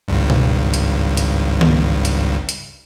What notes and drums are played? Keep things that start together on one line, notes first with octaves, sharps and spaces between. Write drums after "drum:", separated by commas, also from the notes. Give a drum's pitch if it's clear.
G#1 C#2 G2
drum: tom B2
drum: hi-hat
drum: hi-hat
drum: tom D#3
drum: hi-hat
drum: hi-hat